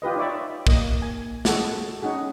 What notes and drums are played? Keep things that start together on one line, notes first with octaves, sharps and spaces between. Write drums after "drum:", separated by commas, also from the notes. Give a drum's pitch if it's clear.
F4 G4 B4 D#5
D#4 C#5 D5 E5
A#3 D#5, drum: kick
G#5
G#3 F#4 A4, drum: snare
C#4 D#4 F#4 G#4